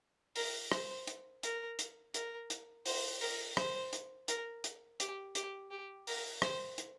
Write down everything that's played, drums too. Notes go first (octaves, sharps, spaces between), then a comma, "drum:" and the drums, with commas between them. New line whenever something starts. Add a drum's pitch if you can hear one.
A#4, drum: open hi-hat
C5, drum: rim click
drum: hi-hat
A#4, drum: hi-hat
drum: hi-hat
A#4, drum: hi-hat
drum: hi-hat
C5, drum: open hi-hat
A#4, drum: open hi-hat
C5, drum: rim click
drum: hi-hat
A#4, drum: hi-hat
drum: hi-hat
G4, drum: hi-hat
G4, drum: hi-hat
G4
A#4, drum: open hi-hat
C5, drum: rim click
drum: hi-hat